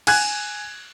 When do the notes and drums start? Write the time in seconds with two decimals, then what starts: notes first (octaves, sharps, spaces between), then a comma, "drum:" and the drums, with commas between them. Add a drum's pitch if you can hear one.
0.07 G#5 F#6 G#6, drum: cymbal